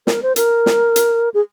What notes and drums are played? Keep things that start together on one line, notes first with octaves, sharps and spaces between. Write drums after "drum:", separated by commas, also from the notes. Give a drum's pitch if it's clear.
A#4, drum: snare
C5
A#4, drum: hi-hat
drum: snare
drum: hi-hat
G#4